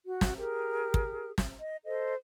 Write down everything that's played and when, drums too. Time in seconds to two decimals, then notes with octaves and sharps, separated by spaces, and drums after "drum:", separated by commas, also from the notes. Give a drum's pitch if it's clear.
0.07 F#4
0.21 drum: snare
0.37 G4 G#4 A#4
0.94 drum: kick
1.38 drum: snare
1.61 D#5
1.85 A4 C5 D#5